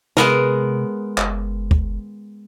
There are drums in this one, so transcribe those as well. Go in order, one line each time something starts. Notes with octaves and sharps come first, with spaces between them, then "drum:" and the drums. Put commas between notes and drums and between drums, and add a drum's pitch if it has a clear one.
C3 G#3 B3 A#4, drum: snare
F#1, drum: clap
drum: kick